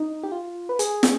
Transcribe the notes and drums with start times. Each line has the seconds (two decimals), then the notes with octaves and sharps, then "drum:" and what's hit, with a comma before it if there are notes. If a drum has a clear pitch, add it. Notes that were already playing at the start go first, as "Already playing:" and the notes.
Already playing: D#4
0.23 G4
0.32 F4
0.69 B4
0.79 G#4, drum: hi-hat
1.03 drum: snare